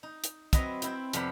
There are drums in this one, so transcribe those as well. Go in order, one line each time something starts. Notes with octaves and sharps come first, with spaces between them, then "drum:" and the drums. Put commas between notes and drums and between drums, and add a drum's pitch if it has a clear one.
D#4
drum: hi-hat
F#3 C4 B4 D#5 E5 A#5, drum: kick, hi-hat
C4 E4 G5, drum: hi-hat
F2 C3 B3 D5 G5 B5, drum: hi-hat